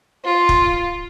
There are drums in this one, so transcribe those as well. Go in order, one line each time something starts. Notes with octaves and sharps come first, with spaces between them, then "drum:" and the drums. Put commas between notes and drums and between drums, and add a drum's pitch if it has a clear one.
F4
drum: kick